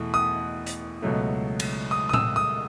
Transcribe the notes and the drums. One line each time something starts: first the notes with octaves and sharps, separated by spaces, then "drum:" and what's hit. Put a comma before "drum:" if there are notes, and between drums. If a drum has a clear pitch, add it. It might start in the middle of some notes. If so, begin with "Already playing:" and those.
Already playing: E2 B2 A3
D#6
drum: hi-hat
C#2 B2 F#3 A3
drum: cymbal
D#6
D#6
E6, drum: tom A2
D#6